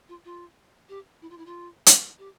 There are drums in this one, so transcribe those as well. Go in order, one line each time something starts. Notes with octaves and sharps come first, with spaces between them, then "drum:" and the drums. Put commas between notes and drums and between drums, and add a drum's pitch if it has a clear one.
F4
F4
G4
E4
F4
E4
F4
drum: hi-hat
G4